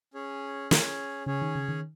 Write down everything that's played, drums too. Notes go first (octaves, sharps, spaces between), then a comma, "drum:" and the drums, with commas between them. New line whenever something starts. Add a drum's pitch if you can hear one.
C#4 G#4 C#5
C#4 G#4 C#5, drum: snare
C#3 C#4 G#4 C#5
D#3
C#3
D#3